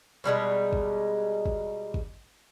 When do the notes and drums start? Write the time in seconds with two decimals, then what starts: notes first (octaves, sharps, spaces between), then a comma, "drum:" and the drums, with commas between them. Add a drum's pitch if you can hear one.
0.24 B2 G3 G#3 D#4
0.73 drum: kick
1.46 drum: kick
1.94 drum: kick